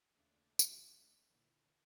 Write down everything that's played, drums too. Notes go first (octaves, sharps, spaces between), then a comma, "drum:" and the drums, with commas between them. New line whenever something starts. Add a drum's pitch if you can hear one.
D#2 C#3 A3 D4 F4 E5
drum: tambourine
A#2 D3 E3